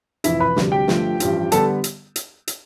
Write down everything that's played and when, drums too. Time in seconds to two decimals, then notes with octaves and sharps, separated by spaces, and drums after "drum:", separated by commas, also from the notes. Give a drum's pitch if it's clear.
0.24 F1 F2 E3 E4 E5, drum: hi-hat
0.40 B4 B5
0.56 D2 C3 G3, drum: snare
0.72 G4 G5
0.88 G1 G2 F3 A3, drum: snare
1.20 A1 G2 F3, drum: hi-hat
1.52 D3 G3 B3 A4 A5, drum: hi-hat
1.84 drum: hi-hat
2.16 drum: hi-hat
2.47 drum: hi-hat